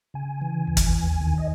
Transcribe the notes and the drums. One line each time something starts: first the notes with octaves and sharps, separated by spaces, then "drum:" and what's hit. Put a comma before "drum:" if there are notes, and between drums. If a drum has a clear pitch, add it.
C#3 G#5
E3
D#2
drum: kick, hi-hat
E2
D#3
D#5